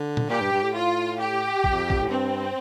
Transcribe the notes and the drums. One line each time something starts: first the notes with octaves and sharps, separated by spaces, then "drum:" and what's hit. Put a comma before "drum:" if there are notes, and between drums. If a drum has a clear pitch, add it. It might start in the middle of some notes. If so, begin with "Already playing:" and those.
Already playing: D3
drum: tom
A#2 G4
G2
G2
A2
F4
G4
F2, drum: kick
drum: kick
A2
G2 C4